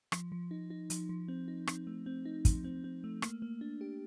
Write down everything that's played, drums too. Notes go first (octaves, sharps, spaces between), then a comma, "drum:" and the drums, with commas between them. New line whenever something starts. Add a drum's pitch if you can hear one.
F3, drum: rim click
F3
D#4
D#4
F3, drum: hi-hat
F3
C4
D#4
C4, drum: rim click
A3
C4
D#4
F3, drum: kick, hi-hat
C4
C4
A3
A#3, drum: rim click
A#3
D4
G4